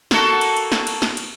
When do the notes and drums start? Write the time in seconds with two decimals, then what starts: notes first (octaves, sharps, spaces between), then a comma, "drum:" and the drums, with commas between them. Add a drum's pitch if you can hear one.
0.11 A#3 F#4 A4, drum: snare
0.41 drum: cymbal
0.56 drum: cymbal
0.72 drum: snare
0.87 drum: cymbal
1.02 drum: snare
1.17 drum: cymbal